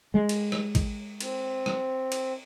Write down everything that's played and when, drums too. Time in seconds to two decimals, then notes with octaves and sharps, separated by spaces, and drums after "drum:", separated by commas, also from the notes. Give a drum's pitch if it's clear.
0.14 G#3
0.29 drum: cymbal
0.52 drum: rim click
0.75 drum: kick A1, cymbal
1.21 C4, drum: cymbal
1.66 drum: rim click
2.12 drum: cymbal